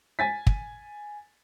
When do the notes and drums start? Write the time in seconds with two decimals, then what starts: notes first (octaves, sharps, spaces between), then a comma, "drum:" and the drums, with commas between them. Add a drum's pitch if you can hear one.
0.19 G#5 A6 B6
0.47 drum: kick